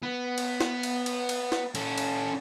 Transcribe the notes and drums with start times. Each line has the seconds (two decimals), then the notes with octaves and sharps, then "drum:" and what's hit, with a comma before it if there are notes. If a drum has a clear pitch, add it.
0.03 B3
0.38 drum: cymbal
0.61 drum: snare
0.83 drum: cymbal
1.06 drum: cymbal
1.29 drum: cymbal
1.52 drum: snare
1.75 C#4 A4, drum: cymbal
1.98 drum: cymbal